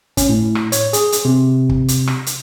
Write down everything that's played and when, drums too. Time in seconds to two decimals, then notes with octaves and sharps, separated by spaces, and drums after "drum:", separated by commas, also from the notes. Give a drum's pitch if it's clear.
0.17 C#4, drum: kick, hi-hat
0.29 A2
0.55 drum: rim click
0.72 C#5, drum: hi-hat
0.93 G#4, drum: hi-hat
1.12 drum: hi-hat
1.25 C3
1.69 drum: kick
1.88 drum: hi-hat
2.07 drum: rim click
2.26 drum: hi-hat